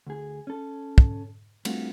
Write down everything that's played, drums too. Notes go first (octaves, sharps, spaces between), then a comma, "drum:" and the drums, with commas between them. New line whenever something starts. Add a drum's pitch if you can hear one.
D2 G#4
C#4 A4
drum: kick
G3 A3 C4 D4 F4 F#4, drum: cymbal